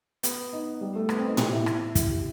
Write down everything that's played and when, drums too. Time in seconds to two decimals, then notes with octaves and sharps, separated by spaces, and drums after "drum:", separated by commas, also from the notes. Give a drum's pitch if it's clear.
0.23 B3, drum: hi-hat
0.53 D#4
0.81 G3
0.95 A3
1.09 B3, drum: rim click
1.19 C4
1.28 D#4
1.37 G4, drum: tom A2
1.53 E4
1.66 drum: rim click
1.95 E4, drum: kick, hi-hat
2.09 G4